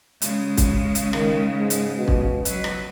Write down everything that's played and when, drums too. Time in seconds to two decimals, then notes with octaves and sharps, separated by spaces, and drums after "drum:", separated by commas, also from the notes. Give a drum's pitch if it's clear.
0.22 C#3 G#3, drum: hi-hat
0.57 drum: kick, hi-hat
0.95 drum: hi-hat
1.13 D#3, drum: rim click
1.58 G#2
1.70 drum: hi-hat
1.97 B2
2.08 drum: kick
2.45 F#3 B4, drum: hi-hat
2.64 drum: rim click